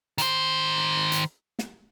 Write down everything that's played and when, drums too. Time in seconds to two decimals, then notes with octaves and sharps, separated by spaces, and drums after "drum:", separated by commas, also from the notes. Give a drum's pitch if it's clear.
0.18 D#3 C5, drum: hi-hat
1.12 drum: hi-hat
1.59 drum: snare